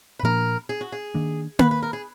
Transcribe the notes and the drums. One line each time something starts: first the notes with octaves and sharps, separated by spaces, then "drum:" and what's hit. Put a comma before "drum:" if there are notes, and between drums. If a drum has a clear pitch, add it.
B4
A#2 F3 A#3 D4 A#4
G#4
F#4
G#4
D#3 A#3 D4
B4, drum: tom A#3
B4
A#4
G#4